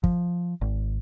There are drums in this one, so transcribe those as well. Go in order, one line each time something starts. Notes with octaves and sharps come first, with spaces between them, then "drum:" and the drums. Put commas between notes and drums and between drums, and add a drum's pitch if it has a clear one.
F3, drum: kick
G#1